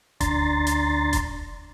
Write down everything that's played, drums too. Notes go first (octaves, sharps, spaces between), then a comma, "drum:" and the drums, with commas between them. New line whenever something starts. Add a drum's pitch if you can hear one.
D2 D4 A#5 C6 A6, drum: kick E1, hi-hat
drum: hi-hat
drum: kick E1, hi-hat